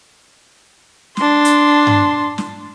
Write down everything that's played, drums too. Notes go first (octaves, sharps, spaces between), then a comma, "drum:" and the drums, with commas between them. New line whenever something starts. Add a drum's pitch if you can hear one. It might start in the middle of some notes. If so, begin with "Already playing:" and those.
D4 C6, drum: snare
drum: hi-hat
drum: tom G2
drum: snare